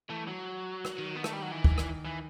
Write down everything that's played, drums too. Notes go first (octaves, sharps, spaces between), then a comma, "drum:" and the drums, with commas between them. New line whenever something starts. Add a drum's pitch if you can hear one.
E3 A3
F#3
drum: rim click
D#3
B3
A3, drum: rim click
G3
F#3
E3
drum: kick
drum: rim click
E3